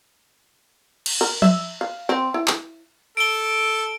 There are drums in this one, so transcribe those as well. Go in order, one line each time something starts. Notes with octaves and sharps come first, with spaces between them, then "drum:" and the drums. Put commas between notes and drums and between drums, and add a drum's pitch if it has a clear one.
drum: cymbal
A#4
E5, drum: tom F3
F5
C4
E4
drum: clap
A4 D7 G7